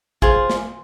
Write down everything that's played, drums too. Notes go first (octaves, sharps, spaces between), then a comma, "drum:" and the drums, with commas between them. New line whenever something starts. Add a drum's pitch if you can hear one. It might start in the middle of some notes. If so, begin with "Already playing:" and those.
F4 G#4 C5 C6, drum: kick G#1
drum: snare